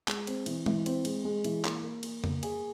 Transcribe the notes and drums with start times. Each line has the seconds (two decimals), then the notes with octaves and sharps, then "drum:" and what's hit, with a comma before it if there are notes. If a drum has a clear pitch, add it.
0.08 G#3, drum: clap
0.27 C4, drum: cymbal
0.46 E3, drum: cymbal
0.66 E3, drum: tom G#3
0.86 C4, drum: cymbal
1.05 G#3, drum: cymbal
1.24 G#3
1.44 E3, drum: cymbal
1.64 A#3, drum: clap
1.83 A#3
2.03 A#3, drum: cymbal
2.24 A#3, drum: tom
2.43 G#4, drum: cymbal